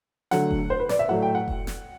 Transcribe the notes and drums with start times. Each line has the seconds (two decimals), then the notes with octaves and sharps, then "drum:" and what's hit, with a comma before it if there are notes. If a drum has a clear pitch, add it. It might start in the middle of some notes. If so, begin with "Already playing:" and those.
0.31 D3 F#3 A3 F#5, drum: snare
0.51 drum: kick F1
0.70 C5
0.80 B4
0.89 D5, drum: snare
0.99 E5
1.09 A2 F#3 A3 F#5
1.22 G5
1.35 F#5
1.48 drum: kick F1
1.67 drum: snare